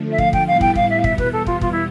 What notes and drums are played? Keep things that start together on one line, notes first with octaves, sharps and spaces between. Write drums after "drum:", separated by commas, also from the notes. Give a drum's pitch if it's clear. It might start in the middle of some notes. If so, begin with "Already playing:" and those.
Already playing: D3 F3 A3
E5
F5, drum: kick
G5, drum: kick
A2 G3 B3 E4 F5
G5, drum: kick
F5, drum: kick
E5
F5
E2 B2 G3 B3 E5, drum: kick
B4, drum: kick
A4
F4, drum: kick
F4, drum: kick
E4